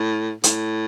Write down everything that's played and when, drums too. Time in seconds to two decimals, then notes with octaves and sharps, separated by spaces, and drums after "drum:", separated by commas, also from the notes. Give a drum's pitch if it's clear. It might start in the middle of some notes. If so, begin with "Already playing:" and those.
Already playing: A2
0.44 A2, drum: hi-hat